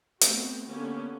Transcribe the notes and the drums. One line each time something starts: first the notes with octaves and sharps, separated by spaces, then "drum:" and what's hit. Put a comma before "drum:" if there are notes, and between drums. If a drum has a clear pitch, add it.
A3 B3 C4 F#4, drum: hi-hat
D3 A#3 B3 C#4 G4